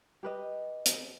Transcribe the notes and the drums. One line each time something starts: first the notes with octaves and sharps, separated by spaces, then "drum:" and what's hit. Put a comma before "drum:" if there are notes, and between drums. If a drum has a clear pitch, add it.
G4 B4 D#5
drum: hi-hat